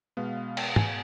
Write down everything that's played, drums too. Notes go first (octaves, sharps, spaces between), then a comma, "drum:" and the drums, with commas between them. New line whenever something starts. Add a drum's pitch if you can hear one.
B2 G#3 B3 F5
F5
G5, drum: cymbal
G#5, drum: tom